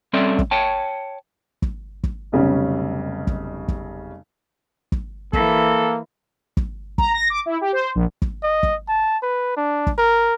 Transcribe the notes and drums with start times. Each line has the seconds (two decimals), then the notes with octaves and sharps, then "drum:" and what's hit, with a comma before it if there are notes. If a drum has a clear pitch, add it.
0.13 G3 C4 C#4 A4 D5 E5
0.39 drum: kick
0.51 C#5 G5 A5
1.62 drum: kick
2.04 drum: kick
2.32 F1 B1 C#3 F#3 G3 C#4
3.27 drum: kick
3.68 drum: kick
4.92 drum: kick
5.33 E3 A#3 A4, drum: kick
6.57 drum: kick
6.98 A#5, drum: kick
7.13 A#6
7.30 D6
7.46 E4
7.61 G4
7.73 C5
7.95 A#1
8.22 drum: kick
8.43 D#5
8.63 drum: kick
8.88 A5
9.23 B4
9.57 D4
9.87 drum: kick
9.98 A#4